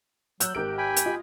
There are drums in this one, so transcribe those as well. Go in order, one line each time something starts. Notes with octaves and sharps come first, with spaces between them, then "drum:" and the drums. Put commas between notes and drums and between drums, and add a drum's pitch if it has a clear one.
F#3 E6 F#6 G6, drum: hi-hat
G#1 G4 A#4 D7
G5 G#5 B5
drum: hi-hat
F4 D#5